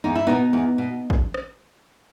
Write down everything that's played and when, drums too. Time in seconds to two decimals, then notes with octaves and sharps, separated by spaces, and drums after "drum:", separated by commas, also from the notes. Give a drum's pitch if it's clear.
0.04 E2 D#4
0.15 E4
0.27 B2 B3 D#4
0.53 E2
0.78 B2
1.10 drum: kick
1.34 drum: rim click